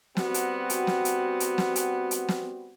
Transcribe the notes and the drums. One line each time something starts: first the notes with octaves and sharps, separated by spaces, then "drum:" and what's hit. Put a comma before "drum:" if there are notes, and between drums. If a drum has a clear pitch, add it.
G3 B3 C4 F#4, drum: snare
drum: hi-hat
drum: hi-hat
drum: snare
drum: hi-hat
drum: hi-hat
drum: snare
drum: hi-hat
drum: hi-hat
drum: snare